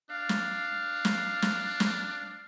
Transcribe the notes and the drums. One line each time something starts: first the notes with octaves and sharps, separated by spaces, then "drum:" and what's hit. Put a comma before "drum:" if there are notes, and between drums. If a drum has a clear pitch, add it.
D4 F5
drum: snare
drum: snare
drum: snare
drum: snare